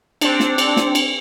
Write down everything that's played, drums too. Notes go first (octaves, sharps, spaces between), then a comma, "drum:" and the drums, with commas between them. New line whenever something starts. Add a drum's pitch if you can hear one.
C4 D4, drum: cymbal
drum: snare
drum: cymbal
drum: snare
drum: cymbal